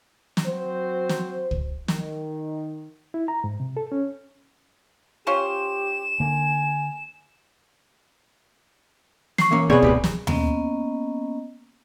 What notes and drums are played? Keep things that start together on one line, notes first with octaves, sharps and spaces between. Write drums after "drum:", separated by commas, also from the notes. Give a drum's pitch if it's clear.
drum: snare
F#3 C4 F#4 C5
drum: snare
drum: kick
D#3, drum: snare
E4
A#5
G#2
C3
A4
C#4
C#4 F4 G4 C5 E7
D3 A#3 G#5
C#6 C7, drum: snare
E3 A#3 C#4
B2 B3 C4 G#4 B4 C#5 D5
A2 G4 B4, drum: kick
drum: snare
A#3 B3 C#4 D#5, drum: tom D#2